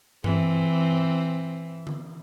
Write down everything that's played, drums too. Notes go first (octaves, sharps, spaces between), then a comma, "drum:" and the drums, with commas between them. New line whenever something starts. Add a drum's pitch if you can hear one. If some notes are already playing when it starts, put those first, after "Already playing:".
E3 C4, drum: tom G2
drum: tom D3